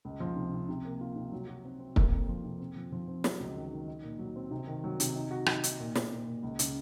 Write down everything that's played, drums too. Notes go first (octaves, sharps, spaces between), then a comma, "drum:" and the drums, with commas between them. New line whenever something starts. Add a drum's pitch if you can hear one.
C#2
F3
C3
C3
C3
A#3
F4
C3
F#3
F#4
C4
C4
A#3, drum: kick
F2
F3
C3
C4
F3
F3
C4
F#3, drum: snare
C#2
D#3
D#3
D#4
A#2
F#3
C4
C3
D#3
F#3
C3, drum: hi-hat
D#4
F#4
D#4, drum: rim click
D#4, drum: hi-hat
A#2
A#2, drum: snare
A#2
A#2
C#2
C#3, drum: hi-hat